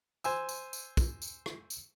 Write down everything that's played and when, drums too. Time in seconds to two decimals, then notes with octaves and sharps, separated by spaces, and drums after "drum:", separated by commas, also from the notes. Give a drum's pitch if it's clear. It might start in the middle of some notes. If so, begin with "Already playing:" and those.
0.24 C5 G#5 E6, drum: tambourine
0.49 drum: tambourine
0.73 drum: tambourine
0.97 drum: kick, tambourine
1.22 drum: tambourine
1.46 drum: rim click
1.70 drum: tambourine